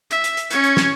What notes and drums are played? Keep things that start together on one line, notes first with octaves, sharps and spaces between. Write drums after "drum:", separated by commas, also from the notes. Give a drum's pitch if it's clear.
E5, drum: hi-hat
drum: hi-hat
drum: hi-hat
C#4 C#5, drum: hi-hat
drum: hi-hat
drum: snare